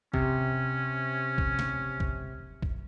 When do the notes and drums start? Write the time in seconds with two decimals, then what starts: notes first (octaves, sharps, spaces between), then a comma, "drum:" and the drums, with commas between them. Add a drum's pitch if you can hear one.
0.14 C3 C#4, drum: kick
1.38 drum: kick
1.59 drum: snare
2.00 drum: kick
2.62 drum: kick